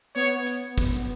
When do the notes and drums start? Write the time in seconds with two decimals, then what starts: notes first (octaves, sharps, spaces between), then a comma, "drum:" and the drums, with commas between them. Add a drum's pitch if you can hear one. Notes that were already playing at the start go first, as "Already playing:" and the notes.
0.15 B3 C#5, drum: hi-hat
0.47 drum: hi-hat
0.78 drum: kick, hi-hat